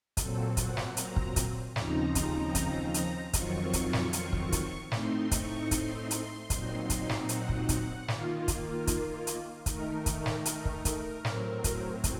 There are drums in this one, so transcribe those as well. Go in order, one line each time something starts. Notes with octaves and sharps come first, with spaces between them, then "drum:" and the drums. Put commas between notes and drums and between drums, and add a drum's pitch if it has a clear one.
A#2 F#3 C4 A4, drum: kick, hi-hat
F#5, drum: kick, hi-hat
drum: snare
A#5, drum: hi-hat
drum: kick
drum: kick, hi-hat
D#2 C#3 F3 C4 D#4 A#5, drum: snare
drum: kick, hi-hat
drum: kick, hi-hat
drum: hi-hat
F2 D#3 F#3 C4 F4 C#6, drum: kick, hi-hat
drum: kick, hi-hat
drum: snare
drum: hi-hat
drum: kick
drum: kick, hi-hat
A2 A3 C4 D#4 C6, drum: snare
C#6, drum: kick, hi-hat
C6, drum: kick, hi-hat
drum: hi-hat
A#2 F#3 C4 D#4, drum: kick, hi-hat
drum: kick, hi-hat
drum: snare
F#5, drum: hi-hat
drum: kick
F#5, drum: kick, hi-hat
D#3 A#3 F4, drum: snare
drum: kick, hi-hat
drum: kick, hi-hat
drum: hi-hat
D#3 A3 D#4 A#4, drum: kick, hi-hat
drum: kick, hi-hat
drum: snare
drum: hi-hat
drum: kick
drum: kick, hi-hat
A2 F#3 C4, drum: snare
drum: kick, hi-hat
drum: kick, hi-hat